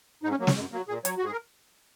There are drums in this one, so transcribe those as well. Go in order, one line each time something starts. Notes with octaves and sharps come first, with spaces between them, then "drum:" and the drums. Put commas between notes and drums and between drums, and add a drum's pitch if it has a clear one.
G#2 D#4
C#4
F#3 A#3
C#4, drum: snare
F#2 G#3
F#3 A#3
A#2 G#4
F#3 C#5, drum: hi-hat
F#4
G#2 G#4
A#4